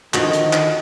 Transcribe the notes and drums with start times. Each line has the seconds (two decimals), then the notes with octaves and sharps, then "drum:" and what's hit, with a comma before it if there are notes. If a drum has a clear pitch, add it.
0.14 D3 D#3 F3 F#4 D#5, drum: clap
0.33 drum: hi-hat
0.53 drum: clap